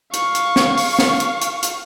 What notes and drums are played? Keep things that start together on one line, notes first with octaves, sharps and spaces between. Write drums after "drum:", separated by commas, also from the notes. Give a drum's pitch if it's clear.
F5 C#6, drum: hi-hat
drum: hi-hat
drum: snare
drum: open hi-hat
drum: snare
drum: hi-hat
drum: hi-hat
drum: hi-hat